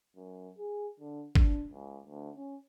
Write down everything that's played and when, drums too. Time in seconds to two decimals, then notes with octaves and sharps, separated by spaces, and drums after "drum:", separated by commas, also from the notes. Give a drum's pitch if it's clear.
0.16 F#2
0.58 G#4
1.00 D3
1.35 D4, drum: kick G1
1.70 C#2
2.06 D2
2.36 C#4